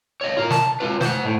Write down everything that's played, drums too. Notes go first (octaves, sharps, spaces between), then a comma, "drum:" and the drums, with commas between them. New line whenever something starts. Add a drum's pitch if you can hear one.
C#5 D#5
F4 A#4
A5, drum: snare
F4 B4
C5 F#5, drum: snare
A2